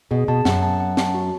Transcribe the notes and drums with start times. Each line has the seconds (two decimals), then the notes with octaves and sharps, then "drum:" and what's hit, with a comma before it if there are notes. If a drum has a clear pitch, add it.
0.11 B2 G#4
0.28 B2 A5
0.45 F#2 F#5, drum: snare
0.63 A5
0.80 F#5
0.97 A5, drum: snare
1.14 F#4